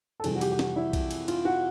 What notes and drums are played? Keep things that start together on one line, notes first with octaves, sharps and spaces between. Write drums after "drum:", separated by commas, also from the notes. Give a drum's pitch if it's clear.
A4
F2 C3 E3 G3 G#4, drum: cymbal
F#4
G4, drum: cymbal
G4
F#4, drum: snare
E4
drum: kick B1, cymbal
drum: cymbal
F4, drum: cymbal
F#4